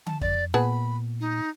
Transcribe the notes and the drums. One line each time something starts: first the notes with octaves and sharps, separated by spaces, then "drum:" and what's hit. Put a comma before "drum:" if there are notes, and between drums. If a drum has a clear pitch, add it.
A5, drum: tom D3
F2 D5, drum: kick
A#2 B3 G#4 A5 B5
D#4